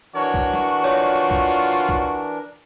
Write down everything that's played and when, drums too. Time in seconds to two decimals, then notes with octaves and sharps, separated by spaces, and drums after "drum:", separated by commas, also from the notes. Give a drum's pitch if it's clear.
0.15 E3 D4 F#4 A#4 C#5
0.34 drum: kick
0.54 drum: snare
0.84 F4 C#5 D5
1.31 drum: kick
1.89 drum: kick